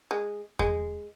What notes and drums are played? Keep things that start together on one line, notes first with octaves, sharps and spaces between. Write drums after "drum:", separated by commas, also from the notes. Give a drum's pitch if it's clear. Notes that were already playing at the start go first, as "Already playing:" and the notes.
G#3
G#3, drum: kick E2